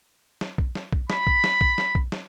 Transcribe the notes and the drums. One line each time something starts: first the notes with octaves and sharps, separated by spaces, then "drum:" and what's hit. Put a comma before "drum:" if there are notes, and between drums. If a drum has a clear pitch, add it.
drum: snare
drum: kick A#1
drum: snare
drum: kick A#1
B5, drum: snare
drum: kick A#1
drum: snare
drum: kick A#1
drum: snare
drum: kick A#1
drum: snare